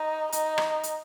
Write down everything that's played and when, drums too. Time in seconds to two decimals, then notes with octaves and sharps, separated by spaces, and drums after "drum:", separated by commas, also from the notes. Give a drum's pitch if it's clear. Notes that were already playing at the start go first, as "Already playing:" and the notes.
Already playing: D#4
0.32 D#4, drum: hi-hat
0.58 drum: rim click
0.83 drum: hi-hat